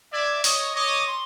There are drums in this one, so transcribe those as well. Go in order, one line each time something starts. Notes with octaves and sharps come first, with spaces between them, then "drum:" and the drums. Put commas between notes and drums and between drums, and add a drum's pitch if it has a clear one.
D5 E5 G#6
C#5 D#5 D#6, drum: open hi-hat
C#5 D#5 D6
C6